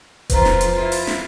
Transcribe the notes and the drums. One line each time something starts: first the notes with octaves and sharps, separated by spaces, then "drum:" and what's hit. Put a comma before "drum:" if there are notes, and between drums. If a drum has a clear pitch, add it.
F2 F4 B4 C5 A#5, drum: kick E1, hi-hat
drum: snare
drum: hi-hat
E4 F4
drum: open hi-hat
drum: snare